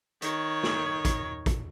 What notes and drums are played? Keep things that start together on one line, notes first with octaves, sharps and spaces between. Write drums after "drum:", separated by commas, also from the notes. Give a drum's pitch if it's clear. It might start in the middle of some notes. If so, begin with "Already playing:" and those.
D#3 C#5, drum: hi-hat
drum: snare
drum: kick, hi-hat
drum: kick, hi-hat